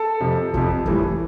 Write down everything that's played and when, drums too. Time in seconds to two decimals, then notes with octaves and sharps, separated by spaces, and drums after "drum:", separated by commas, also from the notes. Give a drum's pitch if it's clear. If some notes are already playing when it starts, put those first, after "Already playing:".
Already playing: A4
0.21 F2 C3 F3
0.54 F2 C3 F3, drum: kick
0.85 A2 E3 G3, drum: kick